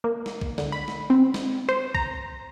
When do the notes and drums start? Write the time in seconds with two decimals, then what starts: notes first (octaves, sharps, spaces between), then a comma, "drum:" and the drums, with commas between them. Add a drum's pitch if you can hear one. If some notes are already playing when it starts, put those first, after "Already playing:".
0.04 A#3
0.26 drum: snare
0.41 drum: kick B1
0.58 D3, drum: snare
0.72 B5
0.88 drum: snare
1.10 C4
1.34 drum: snare
1.69 C5
1.95 A#5, drum: kick B1